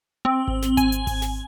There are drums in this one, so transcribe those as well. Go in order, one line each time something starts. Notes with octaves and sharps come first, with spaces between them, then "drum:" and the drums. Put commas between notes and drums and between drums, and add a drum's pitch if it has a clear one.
C4
drum: kick G#1
drum: snare
G#5, drum: kick G#1, hi-hat
drum: hi-hat
drum: kick G#1, open hi-hat
drum: snare